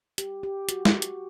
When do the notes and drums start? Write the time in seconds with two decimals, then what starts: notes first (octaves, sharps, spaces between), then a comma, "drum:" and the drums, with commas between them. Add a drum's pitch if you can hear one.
0.18 G4, drum: hi-hat
0.43 G4
0.69 F#4, drum: hi-hat
0.85 drum: snare
1.02 drum: hi-hat